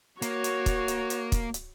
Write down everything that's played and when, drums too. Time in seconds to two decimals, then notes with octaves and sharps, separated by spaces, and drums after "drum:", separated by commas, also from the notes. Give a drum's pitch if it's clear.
0.22 A#3 F#4 C#5, drum: hi-hat
0.44 drum: hi-hat
0.66 drum: kick, hi-hat
0.88 drum: hi-hat
1.10 drum: hi-hat
1.32 drum: kick, hi-hat
1.54 drum: hi-hat